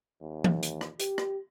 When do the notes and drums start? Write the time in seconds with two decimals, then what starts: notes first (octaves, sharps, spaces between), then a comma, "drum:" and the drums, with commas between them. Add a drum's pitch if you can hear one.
0.21 D#2
0.44 drum: tom E3
0.63 drum: hi-hat
0.81 drum: rim click
1.00 G4, drum: hi-hat
1.18 drum: rim click